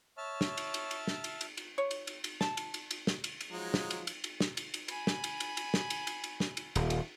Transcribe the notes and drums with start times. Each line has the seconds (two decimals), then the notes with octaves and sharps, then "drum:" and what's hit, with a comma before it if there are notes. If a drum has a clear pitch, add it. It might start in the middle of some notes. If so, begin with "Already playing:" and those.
0.18 C#5 E5 A5 F6
0.41 drum: snare
0.57 drum: cymbal
0.74 drum: cymbal
0.91 drum: cymbal
1.07 drum: snare
1.24 drum: cymbal
1.41 drum: cymbal
1.57 drum: cymbal
1.78 C#5
1.91 drum: cymbal
2.07 drum: cymbal
2.24 drum: cymbal
2.41 A5, drum: snare
2.57 drum: cymbal
2.74 drum: cymbal
2.91 drum: cymbal
3.07 drum: snare
3.24 drum: cymbal
3.41 drum: cymbal
3.51 F3 F#3 G#3 D#4
3.74 drum: snare
3.91 drum: cymbal
4.07 drum: cymbal
4.24 drum: cymbal
4.40 drum: snare
4.57 drum: cymbal
4.74 drum: cymbal
4.88 G#5 B5, drum: cymbal
5.07 drum: snare
5.24 drum: cymbal
5.40 drum: cymbal
5.57 drum: cymbal
5.74 drum: snare
5.90 drum: cymbal
6.07 drum: cymbal
6.24 drum: cymbal
6.40 drum: snare
6.57 drum: cymbal
6.76 D#1, drum: cymbal
6.90 drum: cymbal